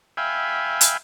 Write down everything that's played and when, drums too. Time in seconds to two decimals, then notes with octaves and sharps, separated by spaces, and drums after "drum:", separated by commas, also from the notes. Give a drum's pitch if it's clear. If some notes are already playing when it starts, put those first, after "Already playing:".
0.17 E5 F5 G5 G#5 B5
0.81 drum: hi-hat